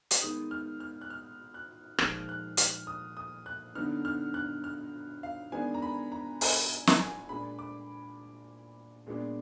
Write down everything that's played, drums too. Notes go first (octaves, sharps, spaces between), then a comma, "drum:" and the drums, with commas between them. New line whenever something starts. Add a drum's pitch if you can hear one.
drum: hi-hat
D#3 G#3 B3 D#4 D#6
F6
F6
F#6
F6
F#6
A#2 F3 G#3 D#4 F6, drum: rim click
F#6
F6, drum: hi-hat
D#6
D#6
F#6
D3 F#3 B3 D#4 F6
F6
F#6
F6
F5
D#3 G#3 B3 D4 G#5
A#5
B5
A#5
G#5, drum: open hi-hat
drum: snare
G#5
A#2 G#3 D4 B5
D6
A#2 G#3 B3 D4